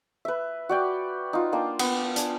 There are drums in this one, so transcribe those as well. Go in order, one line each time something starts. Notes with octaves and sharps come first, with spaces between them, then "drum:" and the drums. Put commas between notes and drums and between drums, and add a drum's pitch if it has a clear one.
B4 E5
F#4 D5 G5
D#4 F4
A#3 D4 G5
B3, drum: cymbal
D4 G#5, drum: hi-hat